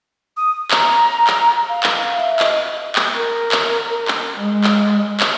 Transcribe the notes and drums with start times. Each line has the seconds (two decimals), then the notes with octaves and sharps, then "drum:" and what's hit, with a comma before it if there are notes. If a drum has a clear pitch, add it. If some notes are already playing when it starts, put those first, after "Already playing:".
0.37 D#6
0.71 A#5, drum: clap
1.27 drum: clap
1.69 F5
1.83 drum: clap
2.18 E5
2.39 D#5, drum: clap
2.96 drum: clap
3.15 A#4
3.52 drum: clap
4.08 drum: clap
4.37 G#3
4.64 drum: clap
5.20 drum: clap